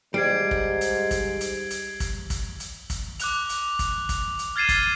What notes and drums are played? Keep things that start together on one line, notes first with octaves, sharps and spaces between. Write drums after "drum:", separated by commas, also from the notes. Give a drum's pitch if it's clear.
G#2 G3 G#6 C7 D7
drum: kick
drum: hi-hat
drum: kick, hi-hat
drum: hi-hat
drum: hi-hat
drum: kick, hi-hat
drum: kick, hi-hat
drum: hi-hat
drum: kick, hi-hat
D6 F#6 F7, drum: hi-hat
drum: hi-hat
drum: kick, hi-hat
drum: kick, hi-hat
drum: hi-hat
F6 G#6 A6 C7 D#7 E7
drum: kick, hi-hat